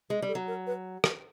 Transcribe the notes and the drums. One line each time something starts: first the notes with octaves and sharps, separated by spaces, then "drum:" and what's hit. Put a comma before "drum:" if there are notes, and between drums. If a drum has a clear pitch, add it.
G#3 G#4
G3
A4
F#3
A#4
B4
drum: rim click